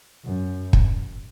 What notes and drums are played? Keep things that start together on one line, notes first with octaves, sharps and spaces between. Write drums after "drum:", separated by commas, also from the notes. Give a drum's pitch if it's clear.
F#2
drum: kick